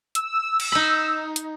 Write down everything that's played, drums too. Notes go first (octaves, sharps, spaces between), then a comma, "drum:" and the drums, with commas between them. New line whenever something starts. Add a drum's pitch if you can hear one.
E6, drum: hi-hat
drum: cymbal
D#4 B5
drum: hi-hat